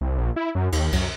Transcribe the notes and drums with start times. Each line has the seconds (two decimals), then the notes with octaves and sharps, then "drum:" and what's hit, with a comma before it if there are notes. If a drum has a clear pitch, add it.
0.01 C2
0.18 A#1
0.36 E4
0.55 F#2
0.72 D#2, drum: cymbal
0.93 F#2, drum: kick C#2, cymbal